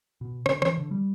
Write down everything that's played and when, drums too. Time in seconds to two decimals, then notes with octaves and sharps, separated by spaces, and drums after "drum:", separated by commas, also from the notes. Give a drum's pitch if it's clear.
0.21 B2
0.46 D3, drum: rim click
0.62 E3, drum: rim click
0.78 D3
0.91 G3